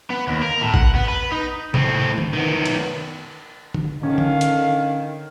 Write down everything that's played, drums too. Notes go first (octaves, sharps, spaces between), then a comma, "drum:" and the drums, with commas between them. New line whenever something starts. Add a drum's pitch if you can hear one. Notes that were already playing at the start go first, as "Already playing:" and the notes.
B3
D#2
A#4
A2
F#5, drum: kick A1
B3
B4
D#4
A2 C4, drum: tom
drum: tom D3
D#3 B3
drum: cymbal
drum: tom D3
D3 D#3 C#4 F5
drum: tom D3
drum: hi-hat